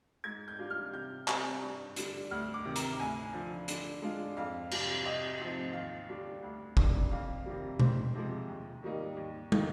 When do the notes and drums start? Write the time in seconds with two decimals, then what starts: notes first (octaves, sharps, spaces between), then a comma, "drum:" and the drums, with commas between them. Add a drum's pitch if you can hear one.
0.24 G#2 G#6
0.48 G6
0.59 G3 D4 F4
0.70 F6
0.93 C3 G6
1.28 G3 C4, drum: clap
1.62 G2
1.96 D3 G3, drum: hi-hat
2.31 D2 F6
2.54 D6
2.65 C3 D#3
2.76 A#5, drum: hi-hat
3.00 D2 G#5
3.33 D3 F3
3.68 D3, drum: hi-hat
4.02 G#3 D4 F4
4.37 F2 F5
4.71 C3 G3, drum: cymbal
5.05 C3 D#5
5.39 F3 C4 D#4 D#5
5.73 D#2 F5
6.09 D3 G3 D4
6.43 D2
6.77 C3 D#3 A#3 D4, drum: kick
7.11 F2 F5
7.46 C3 D#3 G3
7.80 F2 C5, drum: tom B2
8.15 C3 F3 G#3
8.48 D#2
8.83 D#3 G3 A#3 D#4
9.17 D#2
9.52 D#3 A#3 D#4, drum: tom